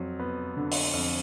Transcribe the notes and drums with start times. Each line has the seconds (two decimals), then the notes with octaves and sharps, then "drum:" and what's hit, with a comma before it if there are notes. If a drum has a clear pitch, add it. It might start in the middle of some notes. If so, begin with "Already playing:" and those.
Already playing: F2 F#3
0.19 B3
0.57 D3
0.72 drum: open hi-hat
0.93 F2